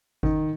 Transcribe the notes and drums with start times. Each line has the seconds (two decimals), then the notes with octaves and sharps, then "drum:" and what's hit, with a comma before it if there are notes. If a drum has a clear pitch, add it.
0.23 D#3, drum: kick G1